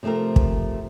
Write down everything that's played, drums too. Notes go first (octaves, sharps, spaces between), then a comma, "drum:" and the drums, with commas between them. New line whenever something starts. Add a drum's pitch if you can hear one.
C3 F3 A3 C4 A#4
drum: kick